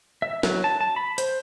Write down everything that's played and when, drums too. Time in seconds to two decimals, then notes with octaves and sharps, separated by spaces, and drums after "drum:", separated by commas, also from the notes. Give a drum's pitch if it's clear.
0.22 E5
0.43 F#3, drum: snare
0.64 A5
0.81 A5
0.96 B5
1.18 C5, drum: hi-hat